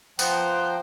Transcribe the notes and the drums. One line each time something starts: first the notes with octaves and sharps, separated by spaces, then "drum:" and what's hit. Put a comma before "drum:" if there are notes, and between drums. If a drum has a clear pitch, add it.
F3 B3 C5 G5 A#5, drum: tambourine